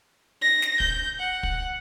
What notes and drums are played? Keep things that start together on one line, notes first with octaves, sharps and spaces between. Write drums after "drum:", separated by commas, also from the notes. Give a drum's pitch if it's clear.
A#6
drum: snare
G6, drum: kick
F#5
drum: kick